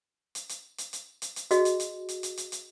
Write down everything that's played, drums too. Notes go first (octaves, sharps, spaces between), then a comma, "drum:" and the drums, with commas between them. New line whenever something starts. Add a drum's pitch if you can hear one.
drum: hi-hat
drum: hi-hat
drum: hi-hat
drum: hi-hat
drum: hi-hat
drum: hi-hat
F#4 G#4 D#5, drum: hi-hat
drum: hi-hat
drum: hi-hat
drum: hi-hat
drum: hi-hat
drum: hi-hat
drum: hi-hat